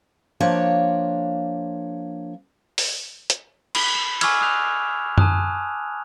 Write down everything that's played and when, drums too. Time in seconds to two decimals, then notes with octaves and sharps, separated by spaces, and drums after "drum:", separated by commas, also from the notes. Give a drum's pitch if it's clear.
0.40 F3 A#3 D4 C#5 F#5
2.78 drum: open hi-hat
3.30 drum: hi-hat
3.75 B5, drum: cymbal
3.95 E7
4.21 G#5 C#6 D6 E6 F6 G#6, drum: cymbal
4.41 D#6 F#6 F7
5.18 G#5 A5 D#6 F#6, drum: tom F#2